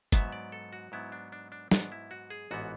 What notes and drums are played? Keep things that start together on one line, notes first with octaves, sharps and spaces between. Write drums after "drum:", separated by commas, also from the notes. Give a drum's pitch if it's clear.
G#2 F#3 B3 E5, drum: kick, hi-hat
D5
A4
F#4
G#2 F#3 B3 E4
D4
D4
D4
G#2 F#3 B3 D4, drum: snare
E4
F#4
G#4
A1 G#2 E3 B3 F#4